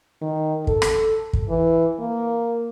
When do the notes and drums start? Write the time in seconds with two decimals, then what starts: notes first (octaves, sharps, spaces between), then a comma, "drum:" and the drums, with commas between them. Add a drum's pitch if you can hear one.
0.21 D#3
0.67 A4, drum: kick
0.82 drum: rim click
1.33 drum: kick
1.49 E3
1.99 A#3